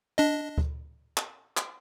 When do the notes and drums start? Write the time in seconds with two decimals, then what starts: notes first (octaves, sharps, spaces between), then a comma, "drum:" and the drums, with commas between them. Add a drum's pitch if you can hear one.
0.18 D4 D#5
0.58 drum: kick D2
1.17 drum: clap
1.57 drum: clap